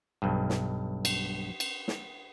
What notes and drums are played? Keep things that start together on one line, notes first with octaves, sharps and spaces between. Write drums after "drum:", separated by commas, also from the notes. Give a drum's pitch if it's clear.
B1 G2
drum: snare
drum: cymbal
drum: cymbal
drum: snare